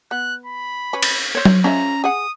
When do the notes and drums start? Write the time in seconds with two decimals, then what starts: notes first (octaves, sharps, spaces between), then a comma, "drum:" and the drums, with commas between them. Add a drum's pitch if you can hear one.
0.11 B3 F#6
0.46 B5
0.93 C#4 B4
1.03 drum: cymbal
1.35 C5 C#5
1.45 drum: tom F#3
1.64 F3 G#3 C#4 E5 A#5
2.04 G#4 F#5 D#6